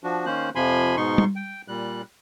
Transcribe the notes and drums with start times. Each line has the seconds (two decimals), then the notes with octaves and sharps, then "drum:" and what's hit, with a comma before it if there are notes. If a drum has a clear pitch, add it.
0.04 F3 D4 F#4
0.26 D#3 A#3 C#4 C5 F#6
0.55 F2 C3 F3 G#5 B5 C6
0.97 G#2 B2 D#4 C6 C#6
1.18 drum: tom G3
1.36 G5
1.68 A#2 G3 F#6